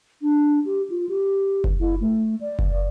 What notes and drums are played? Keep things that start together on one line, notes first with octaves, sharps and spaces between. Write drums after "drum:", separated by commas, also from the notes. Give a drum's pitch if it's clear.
D4
G4
F4
G4
drum: kick F#1
E4
A3
D5
drum: kick F#1